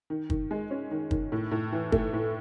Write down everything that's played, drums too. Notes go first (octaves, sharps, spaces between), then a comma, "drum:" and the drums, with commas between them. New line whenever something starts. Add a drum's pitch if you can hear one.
D#3
D#3, drum: kick
G#3
C#4
D#3
D#3, drum: kick
A2
A2
E3
A3, drum: kick
A2